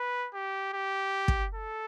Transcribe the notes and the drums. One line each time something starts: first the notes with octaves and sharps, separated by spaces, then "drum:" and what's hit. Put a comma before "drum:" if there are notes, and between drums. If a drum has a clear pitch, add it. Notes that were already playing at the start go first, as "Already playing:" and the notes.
Already playing: B4
G4
G4
drum: kick
A4